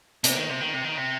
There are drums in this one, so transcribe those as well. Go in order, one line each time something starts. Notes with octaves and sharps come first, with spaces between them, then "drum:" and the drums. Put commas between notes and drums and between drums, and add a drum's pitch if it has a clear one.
C3, drum: hi-hat
D#3
C3
D#3
C3
D#3
C3